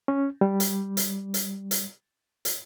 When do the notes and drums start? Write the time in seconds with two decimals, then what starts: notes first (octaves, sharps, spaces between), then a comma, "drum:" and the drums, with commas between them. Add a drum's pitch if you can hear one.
0.08 C#4
0.41 G3
0.60 drum: hi-hat
0.97 drum: hi-hat
1.34 drum: hi-hat
1.71 drum: hi-hat
2.45 drum: hi-hat